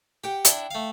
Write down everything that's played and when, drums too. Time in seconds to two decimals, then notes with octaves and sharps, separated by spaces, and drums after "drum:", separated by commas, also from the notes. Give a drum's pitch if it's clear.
0.24 G4 F#5 G5
0.45 D4 E4, drum: hi-hat
0.71 A3 F5